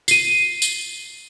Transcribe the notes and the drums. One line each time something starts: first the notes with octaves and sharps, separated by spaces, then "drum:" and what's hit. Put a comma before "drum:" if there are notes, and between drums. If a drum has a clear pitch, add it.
C7 D#7, drum: tambourine
drum: tambourine